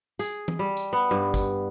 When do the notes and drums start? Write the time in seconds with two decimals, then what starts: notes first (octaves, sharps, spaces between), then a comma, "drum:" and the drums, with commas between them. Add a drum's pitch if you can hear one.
0.19 G#4, drum: tambourine
0.48 drum: tom
0.59 G3
0.77 drum: tambourine
0.93 B3
1.11 G2
1.34 drum: kick, tambourine